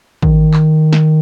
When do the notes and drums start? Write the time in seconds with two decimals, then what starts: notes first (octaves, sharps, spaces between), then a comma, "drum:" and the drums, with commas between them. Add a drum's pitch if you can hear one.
0.22 D#3, drum: kick
0.54 drum: clap
0.93 drum: snare